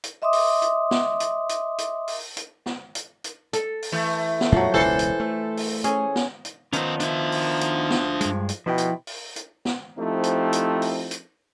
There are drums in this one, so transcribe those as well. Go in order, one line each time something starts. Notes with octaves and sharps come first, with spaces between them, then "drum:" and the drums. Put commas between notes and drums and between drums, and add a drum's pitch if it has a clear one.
drum: hi-hat
D#5 E5 C6 D6 D#6
drum: open hi-hat
drum: hi-hat
drum: snare
drum: hi-hat
drum: hi-hat
drum: hi-hat
drum: open hi-hat
drum: hi-hat
drum: snare
drum: hi-hat
drum: hi-hat
A4, drum: hi-hat
drum: open hi-hat
E3 A3
drum: snare
F2 A#2 F3 F#3 G#3
E1 C#2 E3 A4 C5
drum: hi-hat
A3
drum: open hi-hat
C#4 G#4, drum: hi-hat
drum: snare
drum: hi-hat
D#3 F3 B3 C#4 D#4 C5, drum: hi-hat
D4 E5, drum: hi-hat
drum: open hi-hat
drum: hi-hat
drum: snare
G2 G#3, drum: hi-hat
drum: hi-hat
B2 F3 E4 G5
drum: hi-hat
drum: open hi-hat
drum: hi-hat
drum: snare
F3 A3 C4 D#4 E4 G4
drum: hi-hat
drum: hi-hat
drum: open hi-hat
drum: hi-hat